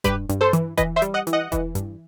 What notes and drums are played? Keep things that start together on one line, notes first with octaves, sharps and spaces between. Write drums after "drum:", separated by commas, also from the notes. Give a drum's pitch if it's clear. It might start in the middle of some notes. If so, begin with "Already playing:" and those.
G2 G4 B4, drum: kick E1, hi-hat
G2, drum: hi-hat
A4 C5
E3, drum: hi-hat
E3 B4 D#5, drum: kick E1, hi-hat
C5 E5
G3, drum: hi-hat
D#5 F#5
E3, drum: hi-hat
D#5 F#5
E3, drum: kick E1, hi-hat
G2, drum: hi-hat